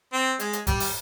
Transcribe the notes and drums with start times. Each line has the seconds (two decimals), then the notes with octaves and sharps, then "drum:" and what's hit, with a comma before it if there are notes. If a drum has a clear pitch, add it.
0.13 C4
0.40 G#3, drum: hi-hat
0.53 drum: hi-hat
0.67 G3, drum: kick E1, hi-hat
0.80 drum: open hi-hat